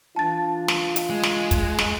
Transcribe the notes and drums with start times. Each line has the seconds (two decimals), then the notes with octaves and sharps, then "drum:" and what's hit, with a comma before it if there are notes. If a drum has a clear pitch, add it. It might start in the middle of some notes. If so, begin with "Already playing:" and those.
0.16 E3 D4 F4 A5 A6
0.68 drum: snare
0.96 drum: hi-hat
1.10 G#3
1.23 drum: snare
1.51 drum: kick, hi-hat
1.79 drum: snare